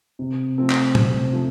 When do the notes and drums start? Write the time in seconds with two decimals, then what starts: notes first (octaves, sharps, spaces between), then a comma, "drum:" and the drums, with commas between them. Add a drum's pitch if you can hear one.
0.19 C3
0.58 F3 A3 C4
0.70 drum: clap
0.95 C3, drum: tom
1.33 F3 A3 C4